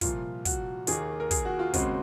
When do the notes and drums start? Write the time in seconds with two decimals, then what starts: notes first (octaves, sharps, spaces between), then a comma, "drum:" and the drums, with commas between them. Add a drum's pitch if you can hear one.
0.01 C2 A#2 F3 F4, drum: kick, hi-hat
0.45 F#4, drum: kick, hi-hat
0.87 D#2 D#3 A#3 G#4, drum: hi-hat
1.20 A#4
1.31 G#4, drum: kick, hi-hat
1.45 F#4
1.59 F4
1.74 D#2 C#3 G#3 C4 F#4, drum: kick, hi-hat